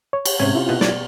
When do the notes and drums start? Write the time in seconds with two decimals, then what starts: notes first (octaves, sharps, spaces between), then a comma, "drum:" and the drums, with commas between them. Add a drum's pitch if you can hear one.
0.13 C#5
0.25 drum: cymbal
0.39 G#2 C3 G#3 C#4 G#6
0.55 E4 F4 G4
0.69 B2
0.81 D5 G#5, drum: snare